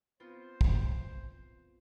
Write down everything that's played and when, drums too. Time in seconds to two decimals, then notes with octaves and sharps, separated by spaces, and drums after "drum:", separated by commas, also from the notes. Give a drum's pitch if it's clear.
0.20 B3 C4 F4 C5
0.61 drum: kick